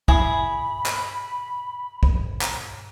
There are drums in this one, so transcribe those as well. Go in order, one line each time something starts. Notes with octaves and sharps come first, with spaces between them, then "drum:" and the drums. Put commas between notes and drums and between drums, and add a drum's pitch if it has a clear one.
E4 G#4 B5, drum: kick
drum: clap
drum: kick
drum: clap